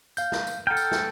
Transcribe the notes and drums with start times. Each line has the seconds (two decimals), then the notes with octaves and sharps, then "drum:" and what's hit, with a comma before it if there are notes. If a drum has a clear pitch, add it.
0.17 F5 G6, drum: tambourine
0.32 drum: snare
0.47 drum: tambourine
0.67 A4 F#5 G5 A#5 F6
0.77 drum: tambourine
0.92 drum: snare